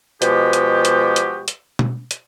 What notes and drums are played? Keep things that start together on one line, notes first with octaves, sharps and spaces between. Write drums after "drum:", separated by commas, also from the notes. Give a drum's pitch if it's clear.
B2 F3 G#3 F#4 G4, drum: hi-hat
drum: hi-hat
drum: hi-hat
drum: hi-hat
drum: hi-hat
drum: tom B2
drum: hi-hat